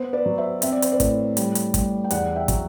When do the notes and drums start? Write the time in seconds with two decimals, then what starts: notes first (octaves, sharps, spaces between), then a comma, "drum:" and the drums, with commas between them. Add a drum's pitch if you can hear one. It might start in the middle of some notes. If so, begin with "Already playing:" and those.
Already playing: B3 C5
0.13 B4 D5
0.26 F#3
0.38 C5 E5
0.62 C4 E5, drum: hi-hat
0.72 D5
0.82 C5, drum: hi-hat
0.92 B4 D5
1.00 A2, drum: kick, hi-hat
1.37 G3, drum: hi-hat
1.55 drum: hi-hat
1.74 G3, drum: kick, hi-hat
2.04 G5
2.11 E2 D5 F#5, drum: hi-hat
2.36 E5 G5
2.48 F#3, drum: kick, hi-hat